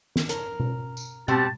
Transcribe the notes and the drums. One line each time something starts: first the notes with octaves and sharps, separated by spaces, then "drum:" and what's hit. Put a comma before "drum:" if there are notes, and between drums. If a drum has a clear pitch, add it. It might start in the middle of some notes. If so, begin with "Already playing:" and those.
drum: snare
A#4, drum: hi-hat
drum: tom B2
drum: tambourine
B2 C4 G4 A5, drum: tom B2